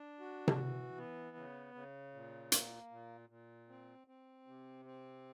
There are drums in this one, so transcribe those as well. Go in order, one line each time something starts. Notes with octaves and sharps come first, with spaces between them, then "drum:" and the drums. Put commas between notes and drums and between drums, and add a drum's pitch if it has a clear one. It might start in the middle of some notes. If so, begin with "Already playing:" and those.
Already playing: D4
F#4
drum: tom C3
E3
B3
C#3
C#3
A#2
A#3, drum: hi-hat
A#2
A#2
C4
C4
C3
C4